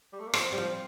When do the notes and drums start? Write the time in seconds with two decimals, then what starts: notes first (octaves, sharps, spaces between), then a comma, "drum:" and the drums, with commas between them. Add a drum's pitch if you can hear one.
0.13 G3
0.19 A3
0.27 A#3
0.34 F3 C4, drum: rim click
0.52 G3
0.58 F3